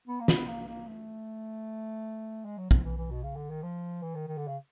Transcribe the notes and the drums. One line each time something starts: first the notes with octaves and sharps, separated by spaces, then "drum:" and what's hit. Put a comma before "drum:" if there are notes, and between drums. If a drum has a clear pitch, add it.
B3
A#3
B3, drum: snare
A#3
A#3
A3
G#3
F#3
F3, drum: kick
E3
E3
B2
C#3
D3
D#3
F3
E3
D#3
D#3
D3
C#3